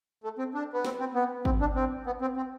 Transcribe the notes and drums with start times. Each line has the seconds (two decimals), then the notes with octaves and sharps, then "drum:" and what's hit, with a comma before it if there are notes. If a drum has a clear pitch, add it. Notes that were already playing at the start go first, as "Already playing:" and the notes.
0.24 A3
0.39 C4
0.54 D4
0.73 B3
0.85 C4, drum: snare
1.00 C4
1.15 B3
1.45 C4, drum: kick G#1
1.61 D4
1.76 C4
2.06 B3
2.21 C4
2.37 C4